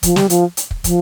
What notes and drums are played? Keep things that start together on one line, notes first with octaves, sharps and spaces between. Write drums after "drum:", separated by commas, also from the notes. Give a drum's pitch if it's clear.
F3, drum: kick, hi-hat
G3, drum: snare
F3, drum: hi-hat
drum: hi-hat
drum: kick
F3, drum: kick, hi-hat